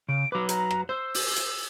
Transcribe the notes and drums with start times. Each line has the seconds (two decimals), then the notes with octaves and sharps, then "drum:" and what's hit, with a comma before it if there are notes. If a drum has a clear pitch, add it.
0.09 C#3 D7
0.32 F#3 B4 D6
0.49 A#5, drum: hi-hat
0.71 drum: rim click
0.89 C5 E6
1.14 drum: open hi-hat
1.36 drum: hi-hat